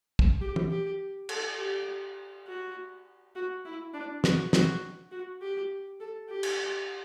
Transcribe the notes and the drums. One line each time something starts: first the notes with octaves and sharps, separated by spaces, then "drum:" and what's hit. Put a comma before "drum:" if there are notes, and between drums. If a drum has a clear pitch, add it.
drum: kick
G4
drum: tom
G4
A4, drum: cymbal
G4
F#4
F#4
E4
D4
F#4, drum: snare
F#4, drum: snare
F#4
G4
A4
G4
drum: cymbal